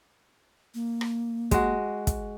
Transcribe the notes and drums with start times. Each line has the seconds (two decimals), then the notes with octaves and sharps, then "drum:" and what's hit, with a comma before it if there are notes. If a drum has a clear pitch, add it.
0.74 A#3
1.01 drum: rim click
1.51 G#3 F#4, drum: kick, hi-hat
2.07 drum: kick, hi-hat